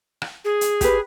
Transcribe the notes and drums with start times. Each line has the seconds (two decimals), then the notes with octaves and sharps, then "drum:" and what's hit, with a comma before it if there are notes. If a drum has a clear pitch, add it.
0.22 drum: rim click
0.45 G#4
0.61 drum: hi-hat
0.81 G4 B4, drum: kick, hi-hat